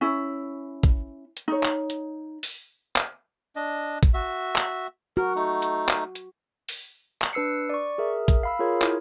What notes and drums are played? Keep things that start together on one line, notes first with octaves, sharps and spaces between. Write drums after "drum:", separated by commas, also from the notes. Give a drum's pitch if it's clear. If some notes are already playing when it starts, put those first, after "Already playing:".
C#4 E4
drum: kick, hi-hat
drum: hi-hat
D#4 C#5
drum: clap
drum: hi-hat
drum: open hi-hat
drum: clap
D4 D#5
drum: kick, hi-hat
F#4 E5
drum: clap
F#4 A#4
A3 D#4
drum: hi-hat
drum: clap
drum: hi-hat
drum: open hi-hat
drum: clap
D4 B4 E6 C7 C#7
D5 C#6
G#4 A#4 E5
drum: kick, hi-hat
F5 B5 E6
F4 G#4 A#4 C#5
E4, drum: clap